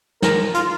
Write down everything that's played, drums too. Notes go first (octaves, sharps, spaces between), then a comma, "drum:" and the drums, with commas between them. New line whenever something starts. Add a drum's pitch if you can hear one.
A#4, drum: snare
F4, drum: hi-hat